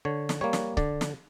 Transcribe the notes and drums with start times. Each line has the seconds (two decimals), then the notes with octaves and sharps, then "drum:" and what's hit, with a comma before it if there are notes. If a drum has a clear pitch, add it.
0.05 D3 C#5
0.29 drum: snare
0.41 G3 A#3 C#5
0.53 drum: snare
0.77 D3 D5, drum: kick C#1
1.01 drum: snare